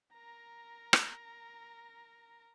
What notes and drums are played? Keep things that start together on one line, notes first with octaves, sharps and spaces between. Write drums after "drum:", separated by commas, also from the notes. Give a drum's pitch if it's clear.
A#4 A#5
drum: rim click